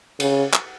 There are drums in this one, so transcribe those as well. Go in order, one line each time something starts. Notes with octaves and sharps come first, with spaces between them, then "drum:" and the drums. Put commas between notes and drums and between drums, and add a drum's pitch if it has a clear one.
C#3, drum: cymbal
drum: clap